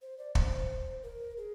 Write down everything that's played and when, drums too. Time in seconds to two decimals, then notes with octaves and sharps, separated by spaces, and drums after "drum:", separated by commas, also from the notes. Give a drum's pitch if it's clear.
0.02 C5
0.18 D5
0.35 C5, drum: kick
1.03 A#4
1.37 G#4